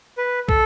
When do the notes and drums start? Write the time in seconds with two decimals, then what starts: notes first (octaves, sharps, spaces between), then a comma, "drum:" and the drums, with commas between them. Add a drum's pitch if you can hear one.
0.18 B4
0.49 A4, drum: kick